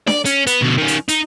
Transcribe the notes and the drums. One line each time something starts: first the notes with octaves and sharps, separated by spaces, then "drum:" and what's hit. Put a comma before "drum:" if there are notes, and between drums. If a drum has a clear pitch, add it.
D5, drum: snare D4
C#4, drum: hi-hat
B3, drum: hi-hat
B2 D3
D#3 C#4
drum: hi-hat
D#4, drum: hi-hat